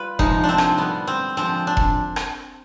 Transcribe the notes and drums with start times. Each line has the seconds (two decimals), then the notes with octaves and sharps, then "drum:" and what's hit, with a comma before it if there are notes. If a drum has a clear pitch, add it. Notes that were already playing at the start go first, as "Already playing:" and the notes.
Already playing: G3 F4 B4
0.19 C3 F3 G#3 D#4, drum: kick F1
0.44 D4
0.49 C4
0.58 drum: rim click
0.77 D3 G3 B3
1.07 C4
1.37 D3 F3 G#3 C4
1.67 D4
1.77 drum: kick F1
2.16 drum: rim click